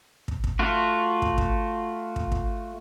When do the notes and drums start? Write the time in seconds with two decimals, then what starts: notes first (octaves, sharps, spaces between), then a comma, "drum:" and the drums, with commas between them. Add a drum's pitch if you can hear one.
0.28 drum: kick
0.44 drum: kick
0.59 A3 F4 F#4
1.22 drum: kick
1.38 drum: kick
2.16 drum: kick
2.32 drum: kick